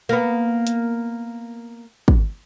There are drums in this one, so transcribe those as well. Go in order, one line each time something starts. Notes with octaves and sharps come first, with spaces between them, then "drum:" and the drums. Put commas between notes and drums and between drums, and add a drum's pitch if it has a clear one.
A#3 B3
drum: hi-hat
drum: kick